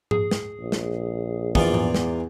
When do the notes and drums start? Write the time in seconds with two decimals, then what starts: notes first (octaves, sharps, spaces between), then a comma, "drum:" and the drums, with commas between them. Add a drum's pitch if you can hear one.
0.11 G#4, drum: tom G#2
0.31 drum: snare
0.59 A#1
0.72 drum: snare
1.55 E2 E3 B3 F4 D5, drum: kick
1.74 drum: tom G#2
1.94 drum: snare